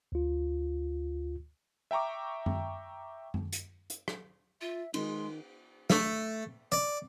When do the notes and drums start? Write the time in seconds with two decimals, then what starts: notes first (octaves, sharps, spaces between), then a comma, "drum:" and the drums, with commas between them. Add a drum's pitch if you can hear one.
0.12 D2 F4
1.91 E5 G5 A#5 C#6 D6
2.46 drum: tom F#2
3.34 drum: tom F#2
3.53 drum: hi-hat
3.90 drum: hi-hat
4.08 drum: rim click
4.61 F4 E5
4.94 D#3 G#3 C6, drum: cymbal
5.90 A3, drum: snare
6.72 D5